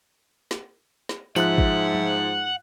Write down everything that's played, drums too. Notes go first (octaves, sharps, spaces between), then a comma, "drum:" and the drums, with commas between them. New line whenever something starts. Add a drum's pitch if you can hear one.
drum: snare
drum: snare
G#2 F3 E5 F#5 F#6, drum: tambourine
drum: kick
drum: tom F3